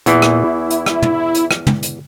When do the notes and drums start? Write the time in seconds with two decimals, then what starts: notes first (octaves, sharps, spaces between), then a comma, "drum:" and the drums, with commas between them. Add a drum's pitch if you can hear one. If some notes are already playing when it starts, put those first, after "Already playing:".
0.06 E2 A#2 E3, drum: hi-hat
0.22 drum: rim click
0.44 E4
0.70 drum: hi-hat
0.86 drum: rim click
1.02 drum: tom
1.35 drum: hi-hat
1.51 drum: rim click
1.67 drum: tom
1.83 drum: hi-hat